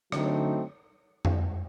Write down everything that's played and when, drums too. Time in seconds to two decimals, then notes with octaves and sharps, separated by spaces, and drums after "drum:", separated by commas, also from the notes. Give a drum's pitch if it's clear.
0.12 D3 F#3 A3 C4 D#4, drum: rim click
1.25 drum: tom F2